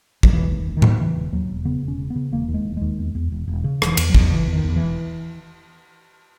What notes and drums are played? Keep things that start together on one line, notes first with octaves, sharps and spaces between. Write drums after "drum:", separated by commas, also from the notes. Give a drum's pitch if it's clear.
F#3, drum: kick
E1 E3
D#2
E1
D#3
D#2, drum: tom A2
C#3 E3
E1
D#2 F#3
E1
C#3 B3
E1
C#4
C#3
B3
C#3
E1 A#3
D#2
G#3
E1
D#2 G#3
E2
E2
E1
E1
C#3
E1 E3, drum: rim click
E2, drum: cymbal
F#3
E2, drum: kick
C#3 E3
E2
D#3
E2
E1 E3